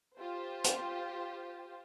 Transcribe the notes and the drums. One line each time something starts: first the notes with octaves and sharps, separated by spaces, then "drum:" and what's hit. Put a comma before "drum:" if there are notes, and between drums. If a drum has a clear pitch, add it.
F4 G4 C5
drum: hi-hat